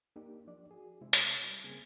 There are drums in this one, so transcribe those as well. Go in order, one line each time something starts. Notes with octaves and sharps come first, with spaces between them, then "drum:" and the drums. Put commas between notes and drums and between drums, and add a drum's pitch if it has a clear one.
A#3 D4 D#4 G4 A#4
F3 D4 D5
F#4 G#4
C3 G#3 C4 E4
drum: hi-hat
G3
C#3 A#3 C4 G#4 G#6